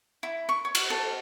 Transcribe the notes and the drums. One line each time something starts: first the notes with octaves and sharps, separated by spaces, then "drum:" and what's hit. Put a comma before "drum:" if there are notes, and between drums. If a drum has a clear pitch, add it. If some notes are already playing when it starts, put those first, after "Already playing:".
E4
C#6
C#5
drum: cymbal
A4